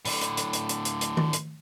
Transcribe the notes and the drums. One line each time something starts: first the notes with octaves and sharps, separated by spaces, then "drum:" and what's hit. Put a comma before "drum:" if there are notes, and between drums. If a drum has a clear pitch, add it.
A2 D3, drum: open hi-hat
drum: hi-hat
drum: hi-hat
drum: hi-hat
drum: hi-hat
drum: hi-hat
drum: hi-hat
drum: tom D#3
drum: hi-hat